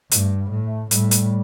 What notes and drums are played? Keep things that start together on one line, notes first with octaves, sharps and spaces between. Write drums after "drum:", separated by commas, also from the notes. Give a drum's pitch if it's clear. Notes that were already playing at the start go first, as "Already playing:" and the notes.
G2 A3, drum: hi-hat
G3
A2
A3
A2 G3, drum: hi-hat
drum: hi-hat